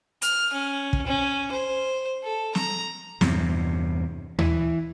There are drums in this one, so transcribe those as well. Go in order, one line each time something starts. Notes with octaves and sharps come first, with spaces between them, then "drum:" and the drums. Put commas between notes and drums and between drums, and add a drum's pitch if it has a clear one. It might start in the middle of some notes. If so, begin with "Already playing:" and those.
F6, drum: hi-hat
C#4
drum: kick
C#4
C5
A4
A#5, drum: snare
E2 G2 C3, drum: snare
E3, drum: tom D#2